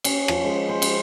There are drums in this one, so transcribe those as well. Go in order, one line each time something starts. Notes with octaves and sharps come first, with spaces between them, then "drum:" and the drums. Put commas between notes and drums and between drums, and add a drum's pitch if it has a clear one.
C#4, drum: cymbal
F3, drum: rim click
G#3
C5
drum: cymbal